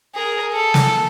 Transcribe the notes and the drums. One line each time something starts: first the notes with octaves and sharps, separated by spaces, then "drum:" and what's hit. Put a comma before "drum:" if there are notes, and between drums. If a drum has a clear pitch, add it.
G#4 A#4
A4
drum: snare